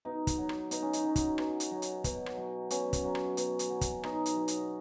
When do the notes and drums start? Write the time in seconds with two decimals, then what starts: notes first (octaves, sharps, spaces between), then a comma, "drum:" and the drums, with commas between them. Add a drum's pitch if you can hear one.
0.05 B2 D#4
0.27 drum: kick, hi-hat
0.38 F#3
0.49 drum: rim click
0.71 B2 D#4, drum: hi-hat
0.82 C#4
0.93 D#4, drum: hi-hat
1.04 F#3
1.16 drum: kick, hi-hat
1.38 B2, drum: rim click
1.60 drum: hi-hat
1.71 F#3
1.82 drum: hi-hat
2.04 B2, drum: kick, hi-hat
2.26 drum: rim click
2.37 F#3
2.70 B2 C#4, drum: hi-hat
2.93 drum: kick, hi-hat
3.04 F#3
3.15 drum: rim click
3.37 B2, drum: hi-hat
3.59 drum: hi-hat
3.70 F#3
3.81 drum: kick, hi-hat
4.03 B2 D#4, drum: rim click
4.26 drum: hi-hat
4.36 F#3
4.48 drum: hi-hat